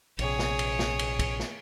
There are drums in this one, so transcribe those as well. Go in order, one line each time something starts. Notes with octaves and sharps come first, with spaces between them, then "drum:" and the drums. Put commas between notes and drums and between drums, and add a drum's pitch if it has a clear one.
A#1 C3 G#4 C#5, drum: cymbal
drum: snare
drum: cymbal
drum: snare
drum: cymbal
drum: kick, cymbal
drum: snare